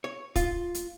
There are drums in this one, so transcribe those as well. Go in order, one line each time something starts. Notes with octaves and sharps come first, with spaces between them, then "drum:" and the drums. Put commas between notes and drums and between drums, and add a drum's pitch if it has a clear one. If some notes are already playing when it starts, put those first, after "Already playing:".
C#5
F4, drum: kick, hi-hat
drum: hi-hat